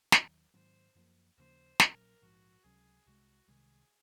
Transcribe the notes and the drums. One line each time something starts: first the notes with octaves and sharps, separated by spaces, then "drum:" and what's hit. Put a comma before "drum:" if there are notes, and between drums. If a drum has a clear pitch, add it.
D#2 D#3 F#3, drum: snare
G#2 D#3 F#3 C4 C5
F#2 F3 A#3
D#2 C#3 F3 A#3 C5
A#1 A#2 F#3 C#4 A#4, drum: snare
A#1 G#2 F3 F#4
C#2 C3 F#3 C#4 G#4
C2 C3 D#3 G#3 F#4
C2 C3 D#3 G#3 G#4